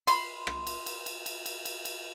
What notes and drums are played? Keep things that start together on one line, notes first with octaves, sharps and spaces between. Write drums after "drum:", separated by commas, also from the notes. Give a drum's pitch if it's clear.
B5 C6, drum: cymbal
drum: rim click
drum: cymbal
drum: cymbal
drum: cymbal
drum: cymbal
drum: cymbal
drum: cymbal
drum: cymbal